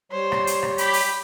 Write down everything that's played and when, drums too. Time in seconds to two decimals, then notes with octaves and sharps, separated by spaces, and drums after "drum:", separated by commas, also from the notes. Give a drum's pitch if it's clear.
0.12 G3 C5 C#5
0.32 drum: rim click
0.47 drum: hi-hat
0.63 drum: rim click
0.78 G4 B5, drum: hi-hat
0.93 drum: open hi-hat